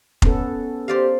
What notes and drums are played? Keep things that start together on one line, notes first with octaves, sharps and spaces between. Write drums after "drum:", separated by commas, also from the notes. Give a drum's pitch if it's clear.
B3 C#4 A4, drum: kick F1
G4 C5 D5 F5